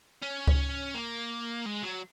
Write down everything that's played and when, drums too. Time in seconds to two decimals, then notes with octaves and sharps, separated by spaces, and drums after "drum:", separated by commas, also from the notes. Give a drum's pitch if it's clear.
0.23 C#4
0.47 drum: kick C#2
0.94 A#3
1.66 G#3
1.83 F#3